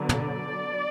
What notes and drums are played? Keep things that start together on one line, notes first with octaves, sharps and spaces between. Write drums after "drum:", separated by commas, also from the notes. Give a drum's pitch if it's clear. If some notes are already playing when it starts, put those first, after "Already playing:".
Already playing: D3 F#3 B3
drum: tom
D5